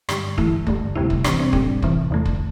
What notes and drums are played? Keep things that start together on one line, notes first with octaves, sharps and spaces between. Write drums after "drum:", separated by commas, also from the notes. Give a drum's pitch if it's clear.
G2 D3 G3, drum: rim click
G2 E3 A3 E4, drum: kick
G2 D3 A3, drum: kick
D2 C3 G3 E4
drum: kick
C2 C3 E3 G3 D4, drum: rim click
C4
A2 G3 D4, drum: kick
C2 C3 E3, drum: kick
E2 D3 A3
drum: kick